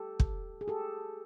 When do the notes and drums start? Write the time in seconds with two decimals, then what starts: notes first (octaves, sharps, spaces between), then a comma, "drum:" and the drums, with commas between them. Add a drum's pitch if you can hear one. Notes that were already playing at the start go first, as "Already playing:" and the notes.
Already playing: G4 A4
0.20 drum: kick
0.61 G#4
0.68 G4 A4